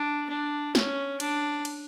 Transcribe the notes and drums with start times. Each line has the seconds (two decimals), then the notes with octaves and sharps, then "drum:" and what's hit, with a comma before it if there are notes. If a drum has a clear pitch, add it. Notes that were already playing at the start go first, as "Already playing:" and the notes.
Already playing: D4
0.29 D4
0.75 C#4, drum: snare
1.20 D4, drum: cymbal
1.65 drum: cymbal